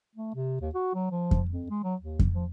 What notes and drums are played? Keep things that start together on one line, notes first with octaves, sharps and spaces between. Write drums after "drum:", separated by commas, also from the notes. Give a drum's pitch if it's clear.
A3
C3
D#2
F#4
F#3
F3
drum: kick F2
F2
G#3
F#3
D#2
drum: kick F2
F3